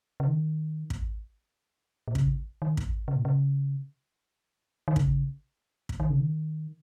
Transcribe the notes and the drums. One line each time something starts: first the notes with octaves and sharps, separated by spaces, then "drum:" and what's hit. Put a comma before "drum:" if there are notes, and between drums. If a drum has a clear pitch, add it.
C#3
D#3
drum: kick
A#2
C#3, drum: kick
D#3
drum: kick
C#3
A#2
C#3
D#3
C#3, drum: kick
drum: kick
D#3
C#3
D#3